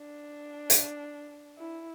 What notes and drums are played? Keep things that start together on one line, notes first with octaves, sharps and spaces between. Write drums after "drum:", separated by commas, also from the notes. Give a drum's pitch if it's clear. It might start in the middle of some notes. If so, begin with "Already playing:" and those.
Already playing: D4
drum: hi-hat
E4